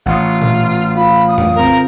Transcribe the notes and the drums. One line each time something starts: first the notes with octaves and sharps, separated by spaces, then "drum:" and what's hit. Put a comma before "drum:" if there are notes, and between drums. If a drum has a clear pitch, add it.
A1 F4 F#5 C#6 D#6
drum: tom A#2
F4 B5
D#6
drum: tom F2
C#3 C4 A#4